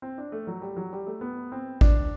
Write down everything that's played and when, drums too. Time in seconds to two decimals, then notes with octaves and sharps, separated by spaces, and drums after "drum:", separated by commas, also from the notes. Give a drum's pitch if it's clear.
0.02 C4
0.18 D4
0.32 A3
0.47 F#3
0.62 G3
0.77 F#3
0.93 G3
1.07 A3
1.21 B3
1.52 C4
1.81 D4, drum: kick A1